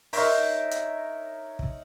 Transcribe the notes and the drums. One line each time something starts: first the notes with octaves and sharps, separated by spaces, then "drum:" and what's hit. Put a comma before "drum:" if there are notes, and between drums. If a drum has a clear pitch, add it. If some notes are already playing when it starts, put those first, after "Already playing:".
D#4 A#4 C#5 E5, drum: open hi-hat
drum: hi-hat
drum: kick